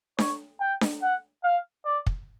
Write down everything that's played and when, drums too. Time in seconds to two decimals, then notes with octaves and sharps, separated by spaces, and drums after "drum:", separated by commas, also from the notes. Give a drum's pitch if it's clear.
0.19 C#5, drum: snare D4
0.61 G5
0.81 drum: snare D4
1.02 F#5
1.44 F5
1.86 D5
2.06 drum: kick